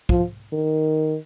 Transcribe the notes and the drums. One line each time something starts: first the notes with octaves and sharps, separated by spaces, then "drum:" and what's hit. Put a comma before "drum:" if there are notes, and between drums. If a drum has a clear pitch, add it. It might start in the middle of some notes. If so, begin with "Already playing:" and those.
F3, drum: kick
D#3